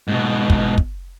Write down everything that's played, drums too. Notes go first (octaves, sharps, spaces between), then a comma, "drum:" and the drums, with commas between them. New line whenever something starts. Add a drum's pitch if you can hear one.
G#2 B2
drum: kick
drum: kick